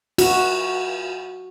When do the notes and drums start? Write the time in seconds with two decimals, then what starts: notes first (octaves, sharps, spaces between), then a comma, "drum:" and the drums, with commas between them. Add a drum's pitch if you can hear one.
0.18 F#4, drum: cymbal